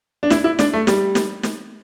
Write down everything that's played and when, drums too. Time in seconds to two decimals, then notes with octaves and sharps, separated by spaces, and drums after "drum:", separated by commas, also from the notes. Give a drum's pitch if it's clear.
0.23 D4
0.30 E4, drum: snare
0.44 E4
0.59 D4, drum: snare
0.73 A3
0.87 G3, drum: snare
1.15 drum: snare
1.43 drum: snare